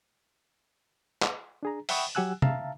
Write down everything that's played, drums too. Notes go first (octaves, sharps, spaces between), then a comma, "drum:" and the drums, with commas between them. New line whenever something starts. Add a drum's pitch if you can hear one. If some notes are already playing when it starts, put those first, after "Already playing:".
drum: clap
D4 G#4 A#5
E5 F#5 G5 B5 C#6 D#6, drum: open hi-hat
F#3 G4 F#5 G#5 E6 F#6
E5 F5 A5 A#5, drum: tom